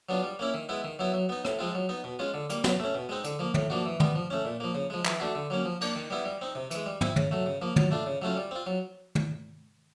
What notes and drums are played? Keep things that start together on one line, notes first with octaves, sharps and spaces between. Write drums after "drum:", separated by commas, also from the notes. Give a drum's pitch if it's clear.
F#3 B3 D4 F4
G3
A#3 C#4 E4
D#3
G#3 B3 E4
D#3
F#3 B3 E4
F#3
B3 D#4
A2, drum: rim click
F3 G#3 C4 F4
F#3
B3 D#4
B2
G#3 C#4 F4
D3
G3 A#3, drum: hi-hat
F#3, drum: snare
A3 C#4
B2
G#3 C4 D#4
D3, drum: hi-hat
F3 A#3
A2, drum: tom
F3 A#3 D4 F#4
E3
G3 B3, drum: tom
F3
A3 C#4
A#2
F3 A#3
C#3
F3 G#3
E3, drum: clap
A3 D4 F#4
D3
F#3 A#3 C#4
F3
A#3 D4, drum: cymbal
D#3
G3 B3 E4
G3
C4 D#4
C3
E3 G#3, drum: hi-hat
G3
C4 E4, drum: tom
C#3, drum: tom
F#3 A3
C#3
F3 A#3
F#3, drum: tom
A3 D4 F4
C#3
F#3 A3 C#4 F4
G3
C4 F4
F#3
drum: tom